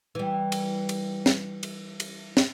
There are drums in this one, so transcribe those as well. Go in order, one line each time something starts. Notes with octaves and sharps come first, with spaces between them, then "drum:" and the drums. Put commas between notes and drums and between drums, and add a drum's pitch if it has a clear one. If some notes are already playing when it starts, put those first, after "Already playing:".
E3 G3
drum: cymbal
drum: cymbal
drum: snare
drum: cymbal
drum: cymbal
drum: snare